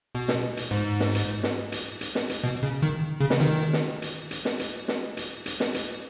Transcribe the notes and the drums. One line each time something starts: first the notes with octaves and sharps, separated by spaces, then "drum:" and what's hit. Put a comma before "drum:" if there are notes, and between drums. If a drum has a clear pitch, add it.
B2
drum: snare
drum: hi-hat
G#2
drum: snare
drum: hi-hat
drum: snare
drum: hi-hat
drum: hi-hat
drum: snare
drum: hi-hat
B2
C#3
D#3
C#3
drum: snare
D#3
drum: snare
drum: hi-hat
drum: hi-hat
drum: snare
drum: hi-hat
drum: snare
drum: hi-hat
drum: hi-hat
drum: snare
drum: hi-hat